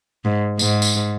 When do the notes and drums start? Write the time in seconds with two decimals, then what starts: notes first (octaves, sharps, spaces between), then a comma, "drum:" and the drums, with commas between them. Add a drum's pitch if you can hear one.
0.25 G#2
0.59 G#2, drum: tambourine
0.82 drum: tambourine